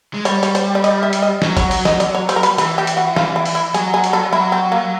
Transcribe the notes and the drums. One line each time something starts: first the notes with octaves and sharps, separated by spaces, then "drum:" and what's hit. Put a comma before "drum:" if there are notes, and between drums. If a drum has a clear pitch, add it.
G#3
G3 C#5, drum: hi-hat
C#5, drum: hi-hat
C5, drum: hi-hat
D5
D#5, drum: hi-hat
E5
drum: hi-hat
D#5
F#3, drum: snare
C#5, drum: kick, hi-hat
drum: open hi-hat
D#5, drum: snare
D5, drum: hi-hat
C#5
C5, drum: hi-hat
A#4
B4, drum: hi-hat
E3 B4, drum: hi-hat
G4
drum: hi-hat
F#4
F4, drum: snare
E4
drum: open hi-hat
E4
F#3 G#4, drum: hi-hat
G#4
drum: hi-hat
A4
F#3 E4
C4
A#3